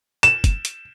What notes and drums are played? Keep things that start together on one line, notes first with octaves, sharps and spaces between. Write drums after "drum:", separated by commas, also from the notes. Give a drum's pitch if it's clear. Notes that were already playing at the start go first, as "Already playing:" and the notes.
E7, drum: hi-hat
drum: kick, hi-hat
drum: hi-hat